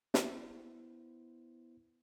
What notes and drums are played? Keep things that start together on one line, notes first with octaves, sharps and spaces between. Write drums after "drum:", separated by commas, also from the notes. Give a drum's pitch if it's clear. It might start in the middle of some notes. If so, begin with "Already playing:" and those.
B3 E4 C5, drum: snare